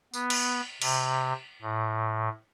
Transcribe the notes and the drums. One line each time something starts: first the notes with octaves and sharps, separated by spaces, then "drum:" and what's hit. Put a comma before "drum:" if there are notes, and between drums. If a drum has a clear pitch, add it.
B3, drum: tambourine
drum: cymbal
C3, drum: cymbal
A2